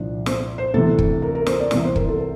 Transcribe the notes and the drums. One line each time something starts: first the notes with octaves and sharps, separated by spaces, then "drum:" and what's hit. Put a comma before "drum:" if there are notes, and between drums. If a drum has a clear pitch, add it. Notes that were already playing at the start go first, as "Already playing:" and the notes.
Already playing: C2 A#2 F3 D4
C5, drum: snare
C5
D2 C3 E3 A4
drum: kick
A#4
A#4
C5, drum: snare
D5
C2 C3 E3, drum: snare
C5
A#4, drum: kick
A4
A4